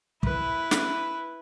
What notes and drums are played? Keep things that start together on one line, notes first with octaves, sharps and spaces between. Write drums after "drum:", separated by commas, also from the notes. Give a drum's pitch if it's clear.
E4 B4, drum: kick
drum: snare